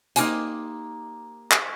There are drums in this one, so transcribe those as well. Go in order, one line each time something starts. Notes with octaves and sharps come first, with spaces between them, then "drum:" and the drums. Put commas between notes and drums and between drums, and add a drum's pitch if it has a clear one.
A#3 D#4 F#4 G4 C5 G#5, drum: hi-hat
drum: clap